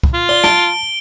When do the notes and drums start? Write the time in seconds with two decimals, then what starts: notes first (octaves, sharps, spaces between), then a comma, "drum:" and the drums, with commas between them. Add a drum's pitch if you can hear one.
0.03 drum: kick
0.14 F4
0.29 D5 G7
0.44 A5 D7, drum: snare